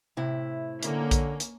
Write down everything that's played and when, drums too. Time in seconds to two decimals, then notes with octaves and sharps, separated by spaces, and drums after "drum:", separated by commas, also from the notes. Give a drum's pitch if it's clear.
0.17 A2 C3 E4
0.83 D3 A#3 C#4, drum: hi-hat
1.11 drum: kick A#1, hi-hat
1.40 drum: hi-hat